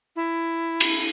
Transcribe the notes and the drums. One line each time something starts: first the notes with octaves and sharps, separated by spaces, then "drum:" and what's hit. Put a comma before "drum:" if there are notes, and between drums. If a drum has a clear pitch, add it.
E4
drum: cymbal